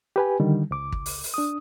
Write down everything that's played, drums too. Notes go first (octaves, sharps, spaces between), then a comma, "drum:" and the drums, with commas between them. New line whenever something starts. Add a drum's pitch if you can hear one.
G4 B4 G#5
D3 D#3 G3
C#2 D6
drum: kick
drum: open hi-hat
drum: open hi-hat
D4 D#6